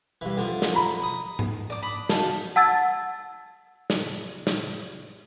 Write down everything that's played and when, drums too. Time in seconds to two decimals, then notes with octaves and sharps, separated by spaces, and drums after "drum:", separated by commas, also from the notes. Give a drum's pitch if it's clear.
0.21 G2 E3
0.37 D3 F3
0.62 drum: snare
0.74 A#5 B5
1.03 D#6
1.39 drum: tom G#2
1.70 D4 D5 D6
1.83 B5 D#6
2.09 F3 F#3 D#4 A5, drum: snare
2.56 F#5 A5 E6 G#6 A6
3.90 drum: snare
4.47 drum: snare